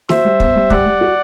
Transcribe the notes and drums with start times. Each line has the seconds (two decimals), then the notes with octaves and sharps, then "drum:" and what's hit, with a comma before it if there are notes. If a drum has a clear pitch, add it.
0.09 F#4 C5 E5, drum: snare
0.25 G3
0.40 B3, drum: kick
0.55 G3
0.70 G3 D5 F#5, drum: kick
0.86 G3
1.01 F#4